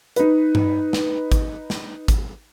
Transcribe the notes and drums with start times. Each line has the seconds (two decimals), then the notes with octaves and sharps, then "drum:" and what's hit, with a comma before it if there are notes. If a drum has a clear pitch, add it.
0.16 D#4 B4, drum: hi-hat
0.55 drum: tom G2
0.93 drum: snare
1.32 drum: kick G#1, hi-hat
1.70 drum: snare
2.08 drum: kick G#1, hi-hat